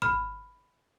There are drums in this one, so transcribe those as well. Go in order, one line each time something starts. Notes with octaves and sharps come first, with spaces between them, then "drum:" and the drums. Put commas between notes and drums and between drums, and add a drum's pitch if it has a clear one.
B5 F6, drum: kick